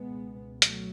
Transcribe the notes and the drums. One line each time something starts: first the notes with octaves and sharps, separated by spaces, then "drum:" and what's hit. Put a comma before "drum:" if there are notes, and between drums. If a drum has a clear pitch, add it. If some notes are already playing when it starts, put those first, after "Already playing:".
Already playing: C#2 B2 G#3 B3
F#3 A3, drum: hi-hat